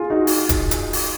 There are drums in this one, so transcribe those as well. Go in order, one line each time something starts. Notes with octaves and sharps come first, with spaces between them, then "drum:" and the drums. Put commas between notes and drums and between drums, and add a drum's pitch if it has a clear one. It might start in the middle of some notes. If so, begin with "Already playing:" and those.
Already playing: F4 G#4
D#4 F#4
drum: open hi-hat
drum: kick D#1, hi-hat
drum: hi-hat
drum: open hi-hat